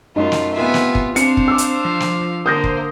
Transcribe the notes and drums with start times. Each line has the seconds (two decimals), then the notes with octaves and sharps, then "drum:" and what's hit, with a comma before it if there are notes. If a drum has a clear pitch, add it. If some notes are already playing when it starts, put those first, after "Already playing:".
0.16 F#2 A3 D#4 F4
0.32 drum: snare
0.54 C3 B3 F4 E5 G#5
0.74 drum: snare
0.95 drum: kick
1.16 C4 D4 C5 F5 C#7, drum: hi-hat
1.37 drum: kick
1.48 D6 E6
1.58 drum: hi-hat
1.85 F3
2.00 drum: snare
2.46 D3 A#3 C5 D#6 G6 A#6
2.64 drum: kick